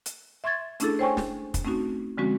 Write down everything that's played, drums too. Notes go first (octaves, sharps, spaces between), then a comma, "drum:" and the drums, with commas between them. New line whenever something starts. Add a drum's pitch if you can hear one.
drum: hi-hat
E5 C6 C#6 G#6 A6
A3 C#4 D4 E4 G#4 A4, drum: hi-hat
C5 C#5 G5 G#5 C6 C#6
drum: snare
drum: kick, hi-hat
A3 C4 C#4 D#4 F#4
D3 F3 G#3 C4 C#4 F#4